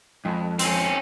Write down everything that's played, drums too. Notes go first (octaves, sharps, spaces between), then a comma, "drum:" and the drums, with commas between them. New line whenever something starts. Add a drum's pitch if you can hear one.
F2 G#3 G5 B5
C4 C#4, drum: open hi-hat